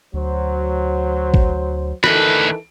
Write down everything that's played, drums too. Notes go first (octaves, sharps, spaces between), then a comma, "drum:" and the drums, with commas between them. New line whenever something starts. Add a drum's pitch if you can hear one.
D2 F#3 C5
drum: kick
D2 D#3 E3 A4 B4, drum: rim click